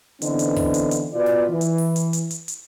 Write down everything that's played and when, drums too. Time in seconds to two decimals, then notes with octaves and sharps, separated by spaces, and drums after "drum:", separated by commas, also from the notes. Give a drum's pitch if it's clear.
0.22 D3 E3 B3 C4 D#4, drum: hi-hat
0.39 drum: hi-hat
0.56 drum: kick, open hi-hat
0.74 drum: hi-hat
0.91 drum: hi-hat
1.13 B2 F4 B4 D5
1.26 drum: snare
1.50 E3
1.61 drum: hi-hat
1.78 drum: open hi-hat
1.96 drum: hi-hat
2.13 drum: hi-hat
2.31 drum: hi-hat
2.48 drum: hi-hat